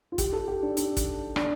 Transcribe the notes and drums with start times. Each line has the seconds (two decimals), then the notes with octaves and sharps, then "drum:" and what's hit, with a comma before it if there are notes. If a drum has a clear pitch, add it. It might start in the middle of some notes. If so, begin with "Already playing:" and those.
0.12 F4
0.18 G4, drum: kick, hi-hat
0.33 A4
0.48 G4
0.62 D4
0.77 D4, drum: hi-hat
0.97 drum: kick, hi-hat
1.36 D4, drum: rim click